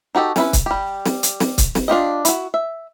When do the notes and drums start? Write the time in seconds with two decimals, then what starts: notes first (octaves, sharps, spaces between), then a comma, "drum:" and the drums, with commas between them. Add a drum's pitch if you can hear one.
0.15 D#4 F#4 G4 A4
0.36 C#4 E4 B4, drum: snare
0.53 drum: kick C#1, hi-hat
0.66 G3 G4
1.05 drum: snare
1.23 drum: hi-hat
1.40 drum: snare
1.58 drum: kick C#1, hi-hat
1.75 drum: snare
1.88 D4 F4 G4 D#5
2.25 E4 F#4, drum: hi-hat
2.54 E5